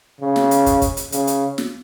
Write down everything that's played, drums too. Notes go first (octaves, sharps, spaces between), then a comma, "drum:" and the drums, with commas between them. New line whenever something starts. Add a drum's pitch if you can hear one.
C#3
drum: snare
drum: hi-hat
drum: kick, hi-hat
drum: kick, hi-hat
drum: hi-hat
C#3, drum: hi-hat
drum: hi-hat
drum: snare